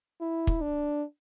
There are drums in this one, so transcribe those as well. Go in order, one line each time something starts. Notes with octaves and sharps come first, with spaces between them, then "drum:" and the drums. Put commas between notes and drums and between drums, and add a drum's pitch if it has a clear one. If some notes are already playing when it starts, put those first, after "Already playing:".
E4
drum: kick
D4